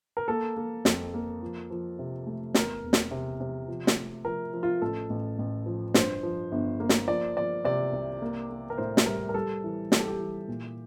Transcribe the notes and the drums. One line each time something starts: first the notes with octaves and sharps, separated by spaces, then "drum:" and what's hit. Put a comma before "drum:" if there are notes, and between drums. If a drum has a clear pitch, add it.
A#4
A#3 A4
A#3
F2, drum: snare
A#3
F3
F3
C3
A3
E2 A#4, drum: snare
E1
drum: snare
C3
C3
F3
drum: snare
A3
F3 A#4
F3
F4
A1 A4
A1
A1
F3
G2 C5, drum: snare
F3
G1
A#3
drum: snare
F3 D5
F3 D5
C3 D5
C2
A#3
A#3
A#4
A2 C5
drum: snare
G3 A#4
A#4
G3 A4
E3
G3 G4, drum: snare
A4
G4
E3
A#2